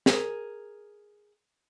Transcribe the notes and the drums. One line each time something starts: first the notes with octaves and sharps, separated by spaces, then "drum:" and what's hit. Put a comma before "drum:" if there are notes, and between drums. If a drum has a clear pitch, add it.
G#4 A#4, drum: snare